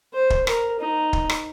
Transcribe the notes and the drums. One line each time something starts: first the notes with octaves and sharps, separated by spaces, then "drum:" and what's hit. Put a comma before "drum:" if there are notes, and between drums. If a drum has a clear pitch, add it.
C5
drum: kick
A#4, drum: rim click
D#4
drum: kick
drum: rim click